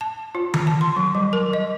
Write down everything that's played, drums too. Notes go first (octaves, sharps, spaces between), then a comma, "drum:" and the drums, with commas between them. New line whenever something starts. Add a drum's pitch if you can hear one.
A5
F4
drum: tom D#3
A5
C6
F#3
G3
A#4
D#5